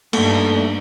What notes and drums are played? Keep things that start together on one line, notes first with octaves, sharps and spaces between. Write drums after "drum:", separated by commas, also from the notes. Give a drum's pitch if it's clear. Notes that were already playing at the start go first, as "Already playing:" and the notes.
G2 A3 A#3 D4 D#4, drum: cymbal